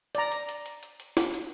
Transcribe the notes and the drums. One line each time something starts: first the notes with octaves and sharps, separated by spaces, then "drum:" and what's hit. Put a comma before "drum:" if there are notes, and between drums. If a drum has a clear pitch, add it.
D5 A#5, drum: hi-hat
drum: hi-hat
drum: hi-hat
drum: hi-hat
drum: hi-hat
drum: hi-hat
drum: snare
drum: hi-hat